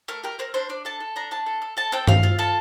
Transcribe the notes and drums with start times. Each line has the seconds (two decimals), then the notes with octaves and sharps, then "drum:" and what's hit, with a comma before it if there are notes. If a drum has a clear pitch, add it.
0.08 A3 A#4
0.24 G4 A#4
0.39 C4 A#4
0.54 D4 C5
0.69 D4 D5
0.85 A4 A5
1.00 A4
1.16 D4 A#5
1.31 D4 A5
1.46 A4
1.62 A4
1.77 A4 A5
1.92 C4 G5
2.07 C4 F5, drum: tom G2
2.23 F4
2.39 A4 A5